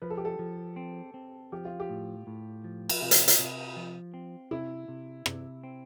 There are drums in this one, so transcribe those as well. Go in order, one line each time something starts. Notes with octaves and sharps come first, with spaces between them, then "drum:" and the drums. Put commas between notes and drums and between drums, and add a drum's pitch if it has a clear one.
F3 B4
A4
G4
A4
F3
C4
C4
F3 G4
F4
G4
A2
A2
F3
drum: cymbal
C3 F4
drum: hi-hat
drum: hi-hat
C3
F3
C4
C3 E4
C3
C3, drum: rim click
C4